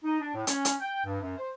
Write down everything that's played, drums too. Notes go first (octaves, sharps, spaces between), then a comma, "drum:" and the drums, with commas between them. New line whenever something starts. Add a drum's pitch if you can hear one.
D#4
D4
A2
C#4, drum: hi-hat
drum: hi-hat
G5
G2
F#2
C5